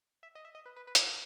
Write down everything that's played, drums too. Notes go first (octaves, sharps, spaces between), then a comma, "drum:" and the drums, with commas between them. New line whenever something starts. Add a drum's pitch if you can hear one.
E5
D#5
E5
D#5
B4
B4
B4
G#4, drum: hi-hat
F#4